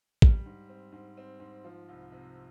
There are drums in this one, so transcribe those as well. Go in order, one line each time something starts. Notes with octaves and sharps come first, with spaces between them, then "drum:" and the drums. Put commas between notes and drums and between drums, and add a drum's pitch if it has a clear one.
G3, drum: kick A1
G#2
C4
G#2
C4
G#2
F3
C2
C3